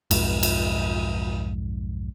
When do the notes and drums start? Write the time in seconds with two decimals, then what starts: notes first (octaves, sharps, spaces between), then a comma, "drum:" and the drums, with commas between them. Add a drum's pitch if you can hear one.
0.11 B1 F2 G#2, drum: cymbal
0.43 drum: cymbal